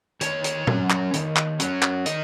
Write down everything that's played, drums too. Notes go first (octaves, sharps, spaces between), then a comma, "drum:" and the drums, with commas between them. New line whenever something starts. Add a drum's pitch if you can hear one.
D#3 C#5, drum: hi-hat
drum: hi-hat
F#3 C#4, drum: tom A#2
drum: clap
D#3, drum: hi-hat
drum: clap
F#3 C#4, drum: hi-hat
drum: clap
D#3 D#5, drum: hi-hat